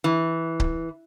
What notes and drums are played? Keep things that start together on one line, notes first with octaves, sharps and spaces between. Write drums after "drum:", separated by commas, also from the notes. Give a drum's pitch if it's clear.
E3
drum: kick C#1